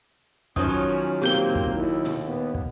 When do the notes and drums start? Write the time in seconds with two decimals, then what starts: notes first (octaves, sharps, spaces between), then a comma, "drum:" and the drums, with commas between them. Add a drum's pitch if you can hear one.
0.56 D#3 F3 F#3 C#4 D#6, drum: kick
1.22 A#3 C4 G4 G6 G7, drum: tom A#2
1.55 drum: kick
1.75 D#2 E4
2.05 drum: tom A#2
2.25 B3
2.54 drum: kick